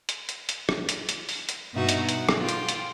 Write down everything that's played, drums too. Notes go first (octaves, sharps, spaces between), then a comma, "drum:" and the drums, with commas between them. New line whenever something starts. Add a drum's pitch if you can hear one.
drum: hi-hat
drum: hi-hat
drum: hi-hat
drum: rim click
drum: hi-hat
drum: hi-hat
drum: open hi-hat
drum: hi-hat
G2 B2 D#4 F#4 E5
drum: hi-hat
F#5, drum: hi-hat
drum: rim click
F4 G5
drum: hi-hat
drum: hi-hat